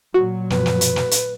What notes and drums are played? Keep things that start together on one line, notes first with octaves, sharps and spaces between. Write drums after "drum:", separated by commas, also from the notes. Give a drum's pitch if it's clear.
A#2 F#3 F#4
F#2 B2 F3 B4, drum: snare
drum: snare
drum: hi-hat
drum: snare
drum: hi-hat